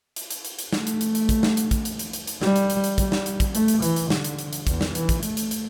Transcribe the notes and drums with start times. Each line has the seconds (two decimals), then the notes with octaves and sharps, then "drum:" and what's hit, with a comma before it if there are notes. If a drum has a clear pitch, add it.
0.16 drum: hi-hat
0.30 drum: hi-hat
0.45 drum: hi-hat
0.59 drum: hi-hat
0.73 A3, drum: snare
0.87 drum: hi-hat
1.01 drum: hi-hat
1.15 drum: hi-hat
1.29 drum: kick, hi-hat
1.43 drum: snare
1.57 drum: hi-hat
1.71 drum: kick, hi-hat
1.85 drum: hi-hat
1.99 drum: hi-hat
2.13 drum: hi-hat
2.27 drum: hi-hat
2.42 G3, drum: snare
2.56 drum: hi-hat
2.70 drum: hi-hat
2.84 drum: hi-hat
2.98 G3, drum: kick, hi-hat
3.12 drum: snare
3.26 drum: hi-hat
3.40 drum: kick, hi-hat
3.55 A3, drum: hi-hat
3.68 drum: hi-hat
3.82 E3, drum: hi-hat
3.96 drum: hi-hat
4.10 D3, drum: snare
4.24 drum: hi-hat
4.39 drum: hi-hat
4.53 drum: hi-hat
4.67 E2, drum: kick, hi-hat
4.81 drum: snare
4.95 E3, drum: hi-hat
5.09 drum: kick, hi-hat
5.23 A3, drum: hi-hat
5.37 drum: hi-hat
5.51 drum: hi-hat